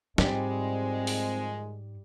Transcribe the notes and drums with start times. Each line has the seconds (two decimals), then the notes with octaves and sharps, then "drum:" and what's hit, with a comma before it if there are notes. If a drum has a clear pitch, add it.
0.18 G#2 D#3 F3 G3 G#3 C4, drum: snare
1.07 drum: open hi-hat